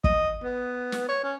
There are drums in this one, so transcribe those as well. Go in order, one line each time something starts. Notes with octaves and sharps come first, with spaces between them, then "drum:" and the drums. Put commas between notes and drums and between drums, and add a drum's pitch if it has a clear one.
D#5, drum: kick
B3
drum: snare
C#5
C#4